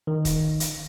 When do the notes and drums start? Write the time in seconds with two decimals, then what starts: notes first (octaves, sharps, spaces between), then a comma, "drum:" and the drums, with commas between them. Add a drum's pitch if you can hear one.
0.07 D#3
0.25 drum: kick, hi-hat
0.60 drum: hi-hat